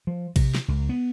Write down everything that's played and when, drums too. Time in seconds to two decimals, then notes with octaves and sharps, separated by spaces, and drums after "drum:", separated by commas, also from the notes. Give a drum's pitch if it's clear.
0.07 F3
0.36 C3, drum: kick A#1, cymbal
0.55 drum: snare
0.68 C#2
0.89 B3